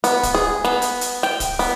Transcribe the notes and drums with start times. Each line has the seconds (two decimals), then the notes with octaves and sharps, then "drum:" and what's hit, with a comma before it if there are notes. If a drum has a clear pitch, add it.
0.04 B3, drum: hi-hat
0.23 drum: kick, hi-hat
0.35 G#4
0.65 B3, drum: snare
0.82 drum: hi-hat
1.01 drum: hi-hat
1.23 G5, drum: snare
1.40 drum: kick, hi-hat
1.59 B3, drum: open hi-hat